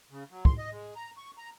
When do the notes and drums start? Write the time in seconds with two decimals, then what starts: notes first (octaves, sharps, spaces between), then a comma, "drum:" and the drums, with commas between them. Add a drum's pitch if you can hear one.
0.11 C#3
0.31 F#3
0.45 C6, drum: kick
0.58 D#5
0.71 G#3
0.96 A#5
1.17 C#6
1.38 A#5